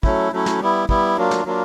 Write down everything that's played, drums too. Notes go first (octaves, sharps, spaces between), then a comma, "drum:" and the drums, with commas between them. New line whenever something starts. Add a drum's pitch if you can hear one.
F#3 A3 C#4 E4, drum: kick
F#3 A3 C#4 E4
drum: snare
G3 B3 E4
G3 B3 E4, drum: kick
F#3 A#3 D4 F4
drum: snare
F#3 A#3 D4 F4